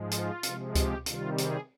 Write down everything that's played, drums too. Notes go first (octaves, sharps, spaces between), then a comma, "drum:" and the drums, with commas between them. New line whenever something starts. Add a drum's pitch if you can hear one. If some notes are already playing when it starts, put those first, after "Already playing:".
Already playing: G#2 F3 G#3
F4, drum: hi-hat
C3 F3 G#3, drum: hi-hat
G4, drum: kick C#2, hi-hat
C3 D#3 G3 F4, drum: hi-hat
G#4, drum: hi-hat